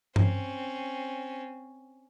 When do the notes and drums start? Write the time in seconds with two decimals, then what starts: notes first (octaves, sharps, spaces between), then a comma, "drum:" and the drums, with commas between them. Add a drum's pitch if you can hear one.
0.16 C4 C#4, drum: tom G2